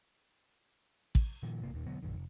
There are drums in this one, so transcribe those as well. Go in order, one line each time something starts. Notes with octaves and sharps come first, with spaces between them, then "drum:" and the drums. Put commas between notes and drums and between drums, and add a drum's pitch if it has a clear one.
drum: kick A1
A#2 D#3 F3
G1 C3 A#3
D#1 D#2 D#3
B2 D3 F#3 B3
A#1 F#2 D#3
F1